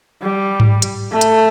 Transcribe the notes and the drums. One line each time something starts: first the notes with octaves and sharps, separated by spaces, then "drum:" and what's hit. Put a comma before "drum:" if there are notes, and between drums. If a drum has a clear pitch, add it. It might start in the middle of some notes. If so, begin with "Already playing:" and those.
G3
drum: tom G#2
drum: hi-hat
A3
drum: hi-hat